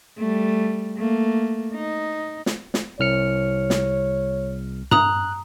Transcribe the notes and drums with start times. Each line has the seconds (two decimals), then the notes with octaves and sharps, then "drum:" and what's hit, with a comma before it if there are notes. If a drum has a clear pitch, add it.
0.18 G3 A3
0.97 A3 A#3
1.74 D#4
2.46 drum: snare
2.74 drum: snare
2.99 C2 C#5 F6 C#7
3.70 drum: snare
4.91 A#5 D#6 F#6 F7, drum: tom G2